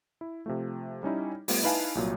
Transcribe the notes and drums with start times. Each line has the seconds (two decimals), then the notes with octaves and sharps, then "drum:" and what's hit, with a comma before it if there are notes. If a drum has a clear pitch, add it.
0.21 E4
0.46 C3 F3 A3
1.03 G3 C#4 D#4 E4
1.48 G3 A3 B3 F4, drum: open hi-hat
1.63 D#4 E4 B4 F5 G#5 A5
1.95 C2 A#2 F#3